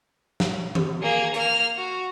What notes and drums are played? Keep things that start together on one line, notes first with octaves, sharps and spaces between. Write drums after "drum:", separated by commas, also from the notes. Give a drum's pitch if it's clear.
drum: snare
drum: tom D#3
A#3 G#4
A#3 F6, drum: hi-hat
F#4